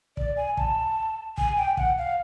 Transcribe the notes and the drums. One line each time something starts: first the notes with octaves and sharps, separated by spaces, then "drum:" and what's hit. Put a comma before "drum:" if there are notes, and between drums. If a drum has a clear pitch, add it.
D5, drum: kick
G#5
A5, drum: kick
G#5, drum: kick
G5
F#5, drum: kick
F5